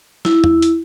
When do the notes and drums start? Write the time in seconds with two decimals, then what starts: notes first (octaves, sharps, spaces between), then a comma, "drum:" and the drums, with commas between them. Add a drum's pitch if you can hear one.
0.25 E4, drum: snare
0.44 drum: tom
0.62 drum: hi-hat